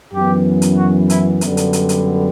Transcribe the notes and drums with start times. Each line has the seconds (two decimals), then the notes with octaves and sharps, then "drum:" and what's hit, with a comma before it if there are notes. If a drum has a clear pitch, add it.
0.14 F#2 E3 B3 G4
0.62 drum: hi-hat
0.77 F#4
1.10 E4, drum: hi-hat
1.41 F#2 D3 G3 B3, drum: hi-hat
1.57 drum: hi-hat
1.73 drum: hi-hat
1.89 drum: hi-hat